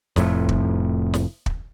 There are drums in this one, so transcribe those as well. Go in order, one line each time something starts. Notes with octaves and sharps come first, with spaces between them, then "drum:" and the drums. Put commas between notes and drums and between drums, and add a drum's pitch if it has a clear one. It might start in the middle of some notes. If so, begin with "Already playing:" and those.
F1 F2 A2, drum: snare
drum: kick
drum: snare
drum: kick